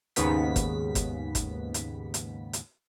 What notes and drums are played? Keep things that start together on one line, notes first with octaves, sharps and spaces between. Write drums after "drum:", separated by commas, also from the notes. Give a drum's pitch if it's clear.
D#2 G#2 C#3 B3 B6, drum: hi-hat
drum: kick G1, hi-hat
drum: kick G1, hi-hat
drum: kick G1, hi-hat
drum: hi-hat
drum: hi-hat
drum: hi-hat